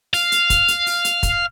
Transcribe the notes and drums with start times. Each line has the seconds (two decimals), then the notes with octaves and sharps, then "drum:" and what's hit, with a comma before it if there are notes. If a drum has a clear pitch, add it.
0.14 F5, drum: open hi-hat
0.32 drum: hi-hat
0.50 drum: kick, hi-hat
0.68 drum: hi-hat
0.86 drum: open hi-hat
1.05 drum: hi-hat
1.23 drum: kick, hi-hat